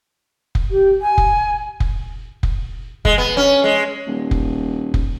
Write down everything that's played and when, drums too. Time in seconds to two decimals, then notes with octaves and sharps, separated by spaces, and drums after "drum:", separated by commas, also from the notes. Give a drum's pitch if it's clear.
0.55 drum: kick F1
0.71 G4
1.01 G#5
1.18 drum: kick F1
1.80 drum: kick F1
2.43 drum: kick F1
3.05 G#3, drum: kick F1
3.18 B3
3.37 C#4
3.64 G#3
4.07 D#1
4.31 drum: kick F1
4.94 drum: kick F1